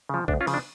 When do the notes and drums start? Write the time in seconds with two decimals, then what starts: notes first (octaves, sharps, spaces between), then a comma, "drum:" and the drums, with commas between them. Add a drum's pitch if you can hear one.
0.09 C#3 F3
0.28 D2 D4, drum: kick A#1
0.41 C#4 F4
0.47 C#3 F3, drum: open hi-hat
0.54 D4